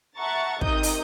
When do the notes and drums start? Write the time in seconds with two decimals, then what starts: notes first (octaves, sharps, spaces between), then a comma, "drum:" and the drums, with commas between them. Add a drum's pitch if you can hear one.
0.17 E5 F#5 A5 A#5 C#6 A6
0.61 C3 D#3 D#4 D#5 D#6 G6, drum: kick
0.83 drum: open hi-hat